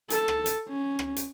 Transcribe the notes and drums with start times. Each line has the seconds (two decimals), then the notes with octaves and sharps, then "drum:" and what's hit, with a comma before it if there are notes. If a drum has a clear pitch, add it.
0.10 A4, drum: hi-hat
0.28 drum: rim click
0.46 drum: hi-hat
0.68 C#4
0.99 drum: rim click
1.16 drum: hi-hat